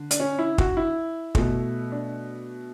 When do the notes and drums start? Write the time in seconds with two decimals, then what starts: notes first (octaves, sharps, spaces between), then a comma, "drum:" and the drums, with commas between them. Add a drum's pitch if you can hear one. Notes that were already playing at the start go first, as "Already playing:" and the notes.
Already playing: D3
0.11 D4, drum: hi-hat
0.20 C#4
0.39 E4
0.58 F#4, drum: kick
0.77 E4
1.35 B2 A3, drum: kick
1.92 D4